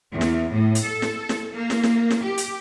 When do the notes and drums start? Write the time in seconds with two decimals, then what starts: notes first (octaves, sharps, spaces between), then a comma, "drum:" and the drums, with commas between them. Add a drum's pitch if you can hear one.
0.12 E2
0.21 drum: snare
0.52 A2
0.75 drum: hi-hat
0.85 A4
1.02 drum: snare
1.29 drum: snare
1.53 A#3
1.70 drum: snare
1.83 drum: snare
2.10 drum: snare
2.24 G4
2.38 drum: hi-hat